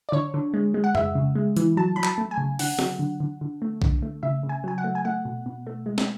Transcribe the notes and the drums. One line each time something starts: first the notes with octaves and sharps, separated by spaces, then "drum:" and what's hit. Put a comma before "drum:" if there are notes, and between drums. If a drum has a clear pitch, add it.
D5
D3 C#5
D3
G#3
G#3
F#5
G#3 E5, drum: tom F2
C#3
G#3
E3, drum: hi-hat
F#3 A5
F#3 B5
A5, drum: clap
A3
G#5
C#3
D3 F#5, drum: open hi-hat
F#3, drum: snare
D3
D3
D3
A3
D3, drum: kick B1
A3
C#3 E5
C#3
G#5
F#3 G#5
F#5
A3
G#5
A3 F#5
B2
B2
A3
G#3
drum: snare